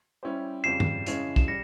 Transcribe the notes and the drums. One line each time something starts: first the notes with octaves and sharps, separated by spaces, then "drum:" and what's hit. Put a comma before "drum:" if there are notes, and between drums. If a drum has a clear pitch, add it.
G3 C#4 E4 G4 C5
F2 C#3 G3 C4 C7 E7
drum: tom G2
C#3 E3 G#3 C#4, drum: hi-hat
E7, drum: kick
G3 A#6 C#7